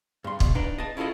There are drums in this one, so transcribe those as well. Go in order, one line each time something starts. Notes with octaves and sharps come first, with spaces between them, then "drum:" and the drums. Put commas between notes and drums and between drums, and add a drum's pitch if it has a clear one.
G2 C6
B2, drum: kick
D4 D#4 B4 D5
D#5 A5
C#4 E4 F4 A4 D#5